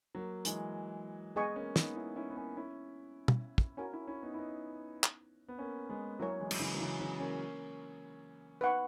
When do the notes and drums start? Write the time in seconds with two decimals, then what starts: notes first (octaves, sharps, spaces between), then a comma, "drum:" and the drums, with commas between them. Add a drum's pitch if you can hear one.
0.15 F#3 A#3
0.45 E3 G#3, drum: hi-hat
1.36 G#3 B3 G#4 D#5 G#5 C#6
1.56 A#3 C#4
1.76 B3 D#4, drum: snare
1.96 C#4 E4
2.16 C#4 E4
2.30 B3
2.37 A#3 C#4
2.57 C#4 E4
3.28 drum: tom
3.58 drum: kick
3.77 C#4 E4 F#4 A#4 C#5 G#5
3.93 C#4 E4
4.07 C#4 E4
4.23 B3 D#4
4.34 E4
4.38 B3 D#4
5.04 drum: clap
5.48 B3
5.59 A#3 C#4
5.89 G#3 B3
6.19 F#3 A#3 E4 A#4 C#5 G#5
6.40 E3 G#3
6.51 F#3, drum: cymbal
6.59 C#3 E3
6.75 F#3
6.80 C#3 E3
7.00 C#3 E3
7.20 A#3 C#4
8.61 B3 D#4 B4 F#5 C#6